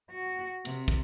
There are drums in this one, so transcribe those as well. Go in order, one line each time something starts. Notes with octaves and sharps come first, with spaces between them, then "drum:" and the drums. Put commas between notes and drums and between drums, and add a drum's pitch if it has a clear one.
F#4
C3, drum: cymbal
drum: kick, cymbal